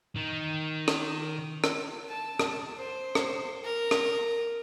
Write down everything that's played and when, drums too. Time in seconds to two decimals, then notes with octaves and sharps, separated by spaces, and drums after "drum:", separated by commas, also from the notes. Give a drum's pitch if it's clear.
0.16 D#3
0.88 drum: rim click
1.64 drum: rim click
2.09 A5
2.40 drum: rim click
2.77 C5
3.15 drum: rim click
3.64 A#4
3.91 drum: rim click